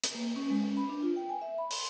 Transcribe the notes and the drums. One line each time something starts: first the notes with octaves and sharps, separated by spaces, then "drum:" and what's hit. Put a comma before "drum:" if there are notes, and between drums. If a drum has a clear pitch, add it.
drum: hi-hat
A#3
C#4
G#3
C#4
B5
D4
F4
G5
G#5
E5
B5
C6, drum: open hi-hat